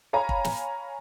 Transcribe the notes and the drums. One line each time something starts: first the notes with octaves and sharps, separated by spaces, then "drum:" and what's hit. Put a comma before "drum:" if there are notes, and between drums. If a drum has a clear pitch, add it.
C#5 F5 G#5 A#5 B5
drum: kick
drum: snare